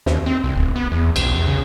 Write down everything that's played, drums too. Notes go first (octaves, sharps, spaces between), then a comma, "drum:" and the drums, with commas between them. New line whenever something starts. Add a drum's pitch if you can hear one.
D#2, drum: snare
C4
C2
D1
B3
E2
B1, drum: cymbal
E2
C#3